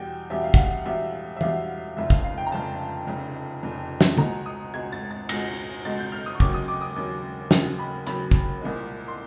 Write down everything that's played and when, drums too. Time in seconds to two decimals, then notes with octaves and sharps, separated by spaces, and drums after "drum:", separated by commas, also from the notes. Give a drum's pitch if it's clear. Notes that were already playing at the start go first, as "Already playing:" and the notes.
Already playing: E2 B2 G3 G5
0.30 E2 B2 G3 E5
0.44 F5
0.54 F#5, drum: kick
0.58 F5
0.85 E2 B2 G3 E5
1.37 E5
1.41 E2 B2 G3 F5, drum: tom
1.97 F1 F2 C#3 E5
2.10 F5, drum: kick
2.24 F5
2.38 G5
2.46 A#5
2.51 F1 F2 C#3 A5
3.07 F1 F2 C#3
3.63 F1 F2 C#3
4.01 drum: snare
4.18 C#2 B2 G#3 A#5, drum: tom
4.46 D#6
4.74 C#2 B2 G#3 G#6
4.92 A6
5.11 A6
5.29 C#2 B2 G#3 A#6, drum: cymbal
5.85 C#2 B2 G#3 A6
5.99 G6
6.12 F6
6.26 D#6
6.35 C#6
6.40 D#2 C#3 F#3 D6, drum: kick
6.54 D#6
6.68 D6
6.81 D#6
6.96 D#2 C#3 F#3
7.51 D#2 C#3 F#3, drum: snare
7.79 B5
8.07 D#2 C#3 F#3 B5, drum: hi-hat
8.31 drum: kick
8.61 C2 A#2 F3 G#3
9.08 C6